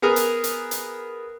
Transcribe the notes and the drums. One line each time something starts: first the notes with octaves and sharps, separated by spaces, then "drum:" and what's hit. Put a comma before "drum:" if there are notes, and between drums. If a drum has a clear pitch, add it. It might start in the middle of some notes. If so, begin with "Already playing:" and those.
B3 G#4 A#4 D#6
drum: hi-hat
drum: hi-hat
drum: hi-hat